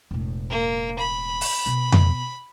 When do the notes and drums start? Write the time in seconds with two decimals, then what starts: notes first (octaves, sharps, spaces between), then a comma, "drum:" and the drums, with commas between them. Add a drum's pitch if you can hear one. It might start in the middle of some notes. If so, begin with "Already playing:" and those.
0.11 E1 A2
0.50 A#3
0.99 B5
1.41 drum: open hi-hat
1.66 B2 B3
1.92 drum: tom F2